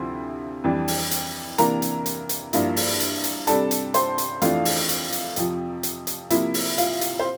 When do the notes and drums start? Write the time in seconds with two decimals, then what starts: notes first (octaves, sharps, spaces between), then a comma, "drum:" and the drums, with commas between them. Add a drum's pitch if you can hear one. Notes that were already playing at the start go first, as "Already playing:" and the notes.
Already playing: D2 C3 F3 C4 E4 C6
0.64 F2 E3 G3 D4
0.88 drum: open hi-hat
1.11 drum: hi-hat
1.58 C3 E3 A#3 D4 A#4 A#5, drum: hi-hat
1.82 drum: hi-hat
2.06 drum: hi-hat
2.29 drum: hi-hat
2.53 G2 F3 A#3 E4, drum: hi-hat
2.76 drum: open hi-hat
3.00 drum: hi-hat
3.24 drum: hi-hat
3.47 C3 G3 D4 A4 A5, drum: hi-hat
3.71 drum: hi-hat
3.94 C5 C6, drum: hi-hat
4.18 drum: hi-hat
4.42 F2 E3 A3 D4 F4 F5, drum: hi-hat
4.65 drum: open hi-hat
4.89 drum: hi-hat
5.12 drum: hi-hat
5.36 F2 C3 F3, drum: hi-hat
5.83 drum: hi-hat
6.07 drum: hi-hat
6.30 C3 F3 A#3 E4 E5, drum: hi-hat
6.54 drum: open hi-hat
6.78 F4 F5, drum: hi-hat
7.01 drum: hi-hat
7.19 C5